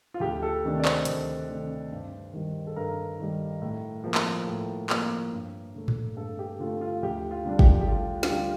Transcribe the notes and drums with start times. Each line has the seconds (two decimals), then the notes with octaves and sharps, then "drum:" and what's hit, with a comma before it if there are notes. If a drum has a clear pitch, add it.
0.14 F4
0.20 D2 G4
0.42 A4
0.64 C3 D#3 A3 D4
0.80 D5
0.85 C5, drum: clap
1.05 D2, drum: hi-hat
1.49 C3 D#3 A3 D4
1.92 G2
2.33 D#3 G3
2.67 A4
2.76 G2 A#4
3.20 D#3 G3
3.62 A2
4.04 F3 A#3
4.15 drum: clap
4.47 A2
4.90 F3 A#3, drum: clap
5.32 G2
5.75 D3 A3
5.88 drum: tom A2
6.17 G2 A4
6.39 G4
6.60 D3 A3 F4
6.81 F4
7.03 D2 G4
7.31 F4
7.45 D3 G3 D4
7.59 G4, drum: kick
7.81 G4
7.88 D2 F4
8.23 F4, drum: snare
8.30 D3 G3 D4 G4